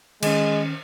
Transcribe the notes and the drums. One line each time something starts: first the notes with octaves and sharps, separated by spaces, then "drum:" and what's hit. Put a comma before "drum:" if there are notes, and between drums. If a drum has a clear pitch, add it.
D#3 G#3 C#4, drum: cymbal